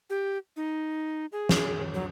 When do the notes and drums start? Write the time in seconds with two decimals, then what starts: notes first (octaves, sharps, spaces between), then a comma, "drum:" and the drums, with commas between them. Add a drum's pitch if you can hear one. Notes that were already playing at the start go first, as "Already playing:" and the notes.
0.10 G4
0.56 D#4
1.32 G#4
1.49 drum: snare
1.94 F#3